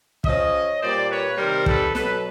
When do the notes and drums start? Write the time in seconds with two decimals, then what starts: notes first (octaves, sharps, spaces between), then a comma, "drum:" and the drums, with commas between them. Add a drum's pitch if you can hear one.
0.24 C#3 F3 C#5 D#5, drum: kick
0.81 A#2 G3 C5 D5
1.10 B4 C#5
1.38 C3 D#3 G3 A#4 C5
1.66 A4 B4, drum: kick
1.95 B2 F#3 A4 B4, drum: snare